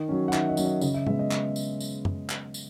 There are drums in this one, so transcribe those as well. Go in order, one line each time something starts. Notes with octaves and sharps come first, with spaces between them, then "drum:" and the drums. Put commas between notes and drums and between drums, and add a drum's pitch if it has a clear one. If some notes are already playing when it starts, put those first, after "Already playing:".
Already playing: D#3
F#3 C#4
F#5
D#3 E5, drum: clap
D#5
F#3 C#4, drum: tambourine
D#5
C#3 D#5, drum: tambourine
E5
G#3 B3 E5, drum: tom
D#5
drum: clap
drum: tambourine
drum: tambourine
drum: tom F#2
drum: clap
drum: tambourine